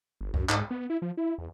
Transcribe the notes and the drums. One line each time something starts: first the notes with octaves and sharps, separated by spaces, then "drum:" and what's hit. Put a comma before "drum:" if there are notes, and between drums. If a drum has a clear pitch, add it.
G1
F#2, drum: kick C2
G#2, drum: clap
B3
E4
F3
E4
E2